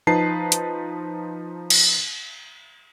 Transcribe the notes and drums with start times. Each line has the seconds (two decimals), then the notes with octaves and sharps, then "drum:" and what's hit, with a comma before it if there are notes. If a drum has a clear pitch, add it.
0.07 F3 D#4 B4 A5 C7
0.52 drum: hi-hat
1.70 drum: cymbal